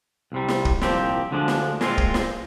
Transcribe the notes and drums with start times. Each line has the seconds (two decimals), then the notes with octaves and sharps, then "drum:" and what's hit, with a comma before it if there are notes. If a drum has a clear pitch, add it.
0.32 C2 C3 G3
0.48 drum: snare
0.65 drum: kick
0.81 C2 A#2 F3 C4 G4, drum: snare
1.31 D2 D3 F3 G#3 D4
1.48 drum: snare
1.81 A#2 G#3 C4 F4, drum: snare
1.98 drum: kick
2.14 drum: snare